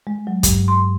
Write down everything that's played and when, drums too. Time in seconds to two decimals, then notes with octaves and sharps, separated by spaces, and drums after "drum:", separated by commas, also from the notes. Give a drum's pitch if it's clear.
0.07 G#3
0.27 F#3
0.43 G2, drum: kick, hi-hat
0.68 C6